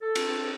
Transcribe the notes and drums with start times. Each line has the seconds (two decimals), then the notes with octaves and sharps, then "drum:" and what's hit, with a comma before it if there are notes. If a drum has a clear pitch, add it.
0.01 A4
0.15 drum: cymbal